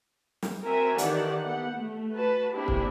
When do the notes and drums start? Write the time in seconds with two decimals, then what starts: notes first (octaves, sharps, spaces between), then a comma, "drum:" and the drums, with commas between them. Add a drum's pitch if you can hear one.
0.43 drum: snare
0.65 C4 F#4 A#4 E5 G#5
0.98 D#3 E3 G4 A4 D5 F#5, drum: hi-hat
1.44 B3 G4 A4 F#5
1.77 A3
2.14 F#4 B4 A5
2.53 A#3 C4 D4 E4 G4 G#4
2.68 drum: kick